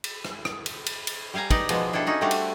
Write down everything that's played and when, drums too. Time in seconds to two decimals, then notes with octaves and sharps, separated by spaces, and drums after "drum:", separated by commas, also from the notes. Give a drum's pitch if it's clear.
0.04 drum: cymbal
0.25 drum: rim click
0.45 drum: rim click
0.66 drum: cymbal
0.86 drum: cymbal
1.07 drum: cymbal
1.34 G3 G4 F5 G#5 A#5
1.50 D#4 G4 B4 D5 D#5, drum: kick, cymbal
1.69 B2 F3 G#3 B3, drum: cymbal
1.93 D4 E4 G4 A4 C5
2.06 C#4 D#4 F#4
2.21 G3 A3 C4 D4 F#4 G4
2.31 drum: cymbal